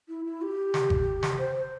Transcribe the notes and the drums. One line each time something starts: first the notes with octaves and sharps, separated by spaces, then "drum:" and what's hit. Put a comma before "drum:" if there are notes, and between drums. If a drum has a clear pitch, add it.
E4
E4
G4
drum: snare
drum: kick G1
drum: snare
C5
C5